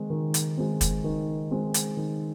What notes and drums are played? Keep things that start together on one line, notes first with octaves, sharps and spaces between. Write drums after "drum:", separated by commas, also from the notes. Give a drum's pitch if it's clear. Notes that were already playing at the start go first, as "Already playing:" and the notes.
Already playing: D#3 G#3 C4
D#3
drum: hi-hat
G#3 C4
drum: kick, hi-hat
D#3
G#3 C4
drum: hi-hat
D#3